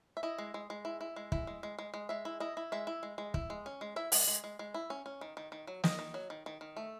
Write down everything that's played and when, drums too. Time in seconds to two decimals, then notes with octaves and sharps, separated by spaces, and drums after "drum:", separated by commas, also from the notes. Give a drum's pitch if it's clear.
0.17 E5
0.23 E4 D#5
0.38 G#3
0.54 G#3
0.70 G#3
0.85 E4
1.01 E4
1.16 G#3
1.32 E4, drum: kick
1.47 G#3
1.63 G#3
1.79 G#3
1.94 G#3
2.09 G#3 E5
2.25 E4
2.40 E4 D#5
2.57 E4
2.72 G#3 E5
2.87 E4
3.03 G#3
3.18 G#3
3.34 E4, drum: kick
3.50 G#3
3.66 C#4
3.81 G#3
3.96 E4 E5
4.12 G#3, drum: open hi-hat
4.27 G#3
4.44 G#3
4.59 G#3
4.74 E4
4.90 C#4
5.06 C#4
5.21 D#3
5.37 D#3
5.52 D#3
5.67 F#3
5.84 D#3 D#5, drum: snare
5.99 D#3
6.14 F#3
6.30 D#3
6.46 D#3
6.61 D#3
6.77 A3